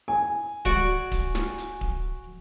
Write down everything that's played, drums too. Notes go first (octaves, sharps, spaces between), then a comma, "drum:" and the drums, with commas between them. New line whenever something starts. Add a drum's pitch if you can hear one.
G#5
F#4 D5 C#6, drum: kick D1, hi-hat
drum: kick D1, hi-hat
drum: snare
drum: hi-hat
drum: kick D1